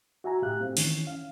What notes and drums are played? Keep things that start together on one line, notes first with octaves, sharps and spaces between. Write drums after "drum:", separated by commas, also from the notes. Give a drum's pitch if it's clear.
F#4 E5 G#5 A#5
A2 G4 F5 F#6
A3 C4
D#3 E3 C#4, drum: open hi-hat
F5